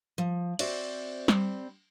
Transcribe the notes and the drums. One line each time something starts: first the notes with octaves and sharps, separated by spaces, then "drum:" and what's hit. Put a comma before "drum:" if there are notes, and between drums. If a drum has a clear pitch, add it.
F3
C4 F#4 C5 D5 E5, drum: cymbal
G3 C4, drum: snare